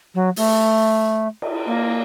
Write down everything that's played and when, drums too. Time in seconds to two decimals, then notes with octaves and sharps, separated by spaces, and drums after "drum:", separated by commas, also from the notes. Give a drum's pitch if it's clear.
0.14 F#3
0.36 A3, drum: open hi-hat
1.42 drum: cymbal
1.66 A#3